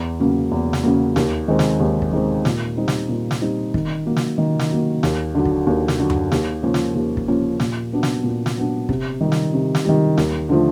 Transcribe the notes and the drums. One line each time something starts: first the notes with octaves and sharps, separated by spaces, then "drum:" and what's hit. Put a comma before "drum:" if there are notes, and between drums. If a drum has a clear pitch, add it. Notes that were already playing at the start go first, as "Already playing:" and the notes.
Already playing: E2
C#3 F#3 A#3
E2
drum: snare
C#3 F#3 A#3
D#2, drum: snare
D#3 G#3 C4
drum: snare
D#2
drum: kick
D#3 G#3 C4
A#2, drum: snare
G3 C4 D#4
drum: snare
A#2
drum: snare
G3 C4 D#4
D#3, drum: kick
F#3 A#3
drum: snare
D#3
drum: snare
F#3 A#3
D#2, drum: snare
D3 F#3
drum: kick
D#2
drum: snare
D3 F#3
drum: tom F#2
D#2, drum: snare
C#3 F3 A#3 C#4
drum: snare
D#2
drum: kick
C#3 F3 A#3 C#4
A#2, drum: snare
F#3 B3 D4
drum: snare
A#2
drum: snare
F#3 B3 D4
C3, drum: kick
D#3 G3
drum: snare
C3
drum: snare
D#3 G3
D#2, drum: snare
D3 F3 A3